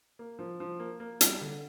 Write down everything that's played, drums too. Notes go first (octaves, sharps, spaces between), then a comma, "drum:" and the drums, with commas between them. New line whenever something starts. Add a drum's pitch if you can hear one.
A#3
F3
F3
A#3
A#3
G3, drum: hi-hat
D3